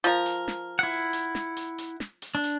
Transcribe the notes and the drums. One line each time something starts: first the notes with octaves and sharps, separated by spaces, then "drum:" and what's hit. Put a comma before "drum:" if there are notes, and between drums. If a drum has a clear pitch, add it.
F3 A#4, drum: hi-hat
drum: hi-hat
drum: snare
E4 F#5
drum: open hi-hat
drum: hi-hat
drum: snare
drum: hi-hat
drum: hi-hat
drum: snare
drum: hi-hat
D4
drum: hi-hat